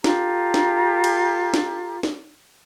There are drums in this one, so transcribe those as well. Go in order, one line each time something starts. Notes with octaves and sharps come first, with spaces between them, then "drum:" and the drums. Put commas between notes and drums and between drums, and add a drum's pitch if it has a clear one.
F4 G4 A4 A#5, drum: snare
drum: snare
drum: cymbal
drum: snare
drum: snare